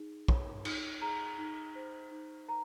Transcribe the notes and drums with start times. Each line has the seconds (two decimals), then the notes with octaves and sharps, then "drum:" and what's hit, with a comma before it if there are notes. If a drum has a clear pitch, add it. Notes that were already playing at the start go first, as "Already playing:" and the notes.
Already playing: D#4 G#4
0.28 C#5, drum: kick
0.65 D#4, drum: cymbal
1.02 G#4 A#5
1.38 D#4
1.75 C5
2.11 D#4
2.48 A#4 A#5